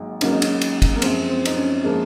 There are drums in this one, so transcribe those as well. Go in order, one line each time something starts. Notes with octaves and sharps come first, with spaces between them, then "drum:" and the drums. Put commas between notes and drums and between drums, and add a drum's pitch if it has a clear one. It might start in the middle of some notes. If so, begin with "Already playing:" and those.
Already playing: G#1 G#2 F#3 A#3
G#1 G#2 F#3 A#3 C#4, drum: cymbal
D#4
C#4, drum: cymbal
drum: cymbal
drum: kick, cymbal
A#3
F#2 F3 G#3 C4, drum: cymbal
C4
D#4, drum: cymbal
C#4
F3 G#3 A#3